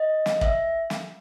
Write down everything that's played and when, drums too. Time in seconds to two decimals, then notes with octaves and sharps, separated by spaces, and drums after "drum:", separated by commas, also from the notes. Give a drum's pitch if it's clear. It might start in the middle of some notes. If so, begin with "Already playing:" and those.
Already playing: D#5
0.26 drum: snare
0.41 E5, drum: kick
0.90 drum: snare